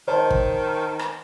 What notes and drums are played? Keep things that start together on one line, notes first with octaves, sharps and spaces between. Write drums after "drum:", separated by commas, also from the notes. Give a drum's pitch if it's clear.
D#3 C5 D#5 A5
drum: kick
drum: rim click